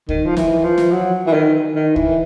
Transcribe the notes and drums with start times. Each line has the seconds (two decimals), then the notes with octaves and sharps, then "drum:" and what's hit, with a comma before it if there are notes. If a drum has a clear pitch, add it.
0.09 D#3, drum: kick C#2
0.26 F3
0.37 E3, drum: snare
0.64 F3
0.78 drum: snare
0.92 F#3
1.27 E3
1.33 D#3
1.75 D#3
1.96 E3, drum: kick C#2